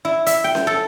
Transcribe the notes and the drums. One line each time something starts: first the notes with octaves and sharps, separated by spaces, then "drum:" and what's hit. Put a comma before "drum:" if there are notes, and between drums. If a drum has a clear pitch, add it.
E4
E5, drum: hi-hat
G5
drum: snare C#4
A4